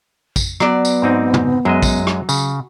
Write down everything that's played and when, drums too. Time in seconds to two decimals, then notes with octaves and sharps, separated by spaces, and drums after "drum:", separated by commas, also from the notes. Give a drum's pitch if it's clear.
0.36 drum: kick, tambourine
0.60 F#3 B3 D5, drum: rim click
0.85 drum: tambourine
1.02 G#2 C4 D#4
1.34 drum: tom
1.65 F#2 F#3 G#3 D#5
1.82 drum: kick, tambourine
2.07 drum: rim click
2.29 C#3, drum: tambourine